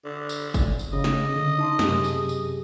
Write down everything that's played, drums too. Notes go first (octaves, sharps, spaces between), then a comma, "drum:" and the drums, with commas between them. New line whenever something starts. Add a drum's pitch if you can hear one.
D3
drum: tambourine
drum: kick, tambourine
drum: tambourine
C#3 D#5
drum: snare
D3
D#4 A5 C6
F#2 C3 G4 G#4, drum: snare
drum: tambourine
drum: tambourine